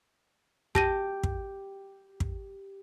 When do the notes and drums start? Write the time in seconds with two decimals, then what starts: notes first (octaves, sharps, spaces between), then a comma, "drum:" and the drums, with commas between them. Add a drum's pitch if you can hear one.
0.75 G4 A5 A#6 D#7, drum: kick
1.23 drum: kick
2.20 drum: kick